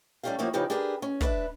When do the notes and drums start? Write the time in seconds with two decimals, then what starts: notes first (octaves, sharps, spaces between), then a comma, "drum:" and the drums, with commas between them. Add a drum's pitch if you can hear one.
0.23 G3 A3 C#4 F4 G4 F5
0.39 F3 F#3 A#3 E4 G4 C#5
0.53 C#3 F3 D#4 G4 B4
0.70 D4 G4 G#4 A#4 B4
1.02 C#4
1.21 D4 B4 D5 E5, drum: kick